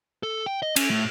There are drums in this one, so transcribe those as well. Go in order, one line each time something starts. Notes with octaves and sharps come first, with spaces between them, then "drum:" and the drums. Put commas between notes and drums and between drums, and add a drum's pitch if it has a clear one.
A4
G5
D#5
C#4, drum: cymbal
A2